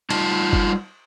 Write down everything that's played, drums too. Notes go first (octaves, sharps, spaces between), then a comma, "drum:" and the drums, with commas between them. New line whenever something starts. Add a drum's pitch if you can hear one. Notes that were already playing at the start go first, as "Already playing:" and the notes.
G3 D#4 F4 A5, drum: cymbal
drum: kick F#1